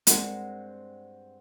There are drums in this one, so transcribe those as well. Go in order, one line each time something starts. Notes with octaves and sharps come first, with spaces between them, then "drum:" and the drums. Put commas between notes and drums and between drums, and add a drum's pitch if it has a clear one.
G2 G#3 C4 A#4 F#5, drum: hi-hat